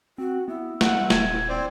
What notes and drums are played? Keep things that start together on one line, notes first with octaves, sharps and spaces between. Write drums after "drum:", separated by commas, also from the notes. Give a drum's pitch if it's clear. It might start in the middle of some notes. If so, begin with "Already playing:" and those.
C4 F#4
B3 E4
G3 F#5, drum: snare
D#1 G#6, drum: snare
C4 C5 D5